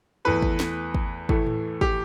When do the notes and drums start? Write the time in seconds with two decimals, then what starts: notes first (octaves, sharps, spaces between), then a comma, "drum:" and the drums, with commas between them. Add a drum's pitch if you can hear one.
0.25 E2 E3 A3 B4
0.42 drum: kick
0.60 drum: snare
0.94 drum: kick
1.29 A2 E3 A3, drum: kick
1.47 drum: tom A2
1.81 G4, drum: kick